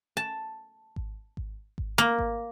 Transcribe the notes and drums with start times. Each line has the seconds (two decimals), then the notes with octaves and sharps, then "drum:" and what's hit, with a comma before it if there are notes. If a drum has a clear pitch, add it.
0.17 A5
0.96 drum: kick G#1
1.37 drum: kick G#1
1.78 drum: kick G#1
1.98 A#3
2.19 drum: kick G#1